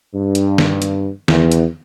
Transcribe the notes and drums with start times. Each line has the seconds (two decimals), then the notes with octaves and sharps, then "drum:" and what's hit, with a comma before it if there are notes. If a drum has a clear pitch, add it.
0.14 G2
0.35 drum: hi-hat
0.58 drum: snare
0.82 drum: hi-hat
1.28 E2, drum: snare
1.52 drum: hi-hat